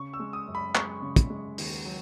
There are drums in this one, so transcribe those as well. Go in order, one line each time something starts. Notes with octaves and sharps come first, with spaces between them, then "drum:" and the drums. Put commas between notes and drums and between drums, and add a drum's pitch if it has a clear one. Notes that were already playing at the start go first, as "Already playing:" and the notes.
Already playing: C#3 C#6
E6
G#3
D#6
F#2
B5
G#3 C#6, drum: clap
C#3
drum: kick, hi-hat
G#3
D#2, drum: open hi-hat
F#3